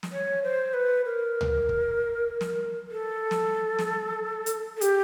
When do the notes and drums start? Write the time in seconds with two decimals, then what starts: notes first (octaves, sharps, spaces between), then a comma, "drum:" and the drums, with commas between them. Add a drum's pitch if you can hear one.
0.03 drum: snare
0.12 C#5
0.43 C5
0.74 B4
1.05 A#4
1.41 drum: tom C#2
1.69 drum: kick
2.41 drum: snare
2.91 A4
3.31 drum: snare
3.79 drum: snare
4.46 drum: hi-hat
4.77 A4
4.81 G4, drum: hi-hat